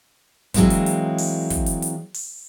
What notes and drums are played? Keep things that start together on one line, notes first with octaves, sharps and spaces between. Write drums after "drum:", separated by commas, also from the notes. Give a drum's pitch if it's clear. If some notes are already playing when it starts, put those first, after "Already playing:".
E3 F#3 G#3 A#3 C4, drum: kick, hi-hat
drum: hi-hat
drum: hi-hat
drum: open hi-hat
drum: kick, hi-hat
drum: hi-hat
drum: hi-hat
drum: open hi-hat